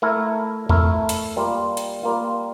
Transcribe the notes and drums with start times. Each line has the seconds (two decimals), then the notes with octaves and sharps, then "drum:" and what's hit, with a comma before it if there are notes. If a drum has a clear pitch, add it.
0.02 A3 E4 A#4
0.69 A3 E4 A#4, drum: tom E2
1.09 drum: hi-hat
1.37 G3 A#3 F4
1.77 drum: hi-hat
2.03 G3 A#3 F4